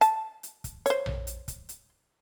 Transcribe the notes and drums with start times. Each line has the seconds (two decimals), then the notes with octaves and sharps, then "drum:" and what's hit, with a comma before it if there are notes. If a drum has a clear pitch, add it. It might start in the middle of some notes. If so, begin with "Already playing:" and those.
0.01 A5, drum: hi-hat
0.43 drum: hi-hat
0.64 drum: kick, hi-hat
0.86 C5 C#5, drum: hi-hat
1.06 drum: tom A#1
1.27 drum: hi-hat
1.48 drum: kick, hi-hat
1.69 drum: hi-hat